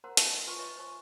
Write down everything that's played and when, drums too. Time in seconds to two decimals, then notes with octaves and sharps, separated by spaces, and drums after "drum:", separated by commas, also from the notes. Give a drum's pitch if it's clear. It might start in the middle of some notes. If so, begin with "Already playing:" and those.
0.04 A#4 C5 F#5 A#5 C6
0.17 A5, drum: hi-hat
0.35 D#4
0.47 F4 B4 G#5 C6 C#6
0.59 C#5 D#5 E5 C#6
0.77 C5 G#5 C#6